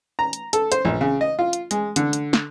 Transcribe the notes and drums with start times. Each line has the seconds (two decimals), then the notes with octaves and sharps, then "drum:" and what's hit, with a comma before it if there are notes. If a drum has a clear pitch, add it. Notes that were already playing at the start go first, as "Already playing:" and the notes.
0.19 A#5
0.33 drum: hi-hat
0.53 A4, drum: hi-hat
0.72 C5, drum: hi-hat
0.85 A#1
1.01 C#3
1.21 D#5
1.39 F4
1.53 drum: hi-hat
1.71 G#3, drum: hi-hat
1.96 D3, drum: hi-hat
2.13 drum: hi-hat
2.33 drum: snare